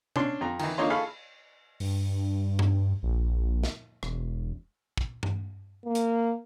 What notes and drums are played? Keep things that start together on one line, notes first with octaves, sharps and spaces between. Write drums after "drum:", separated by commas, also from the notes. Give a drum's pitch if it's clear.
C#4 D4 C6, drum: tom C3
F2 A#5
D#3 E3, drum: cymbal
D3 A#3 D#4 F4 C#5 C6
F4 G#4 A4 F5 B5 C#6
G2, drum: open hi-hat
drum: tom G2
A#1
drum: snare
E1, drum: rim click
drum: kick
drum: tom G2
A#3
drum: hi-hat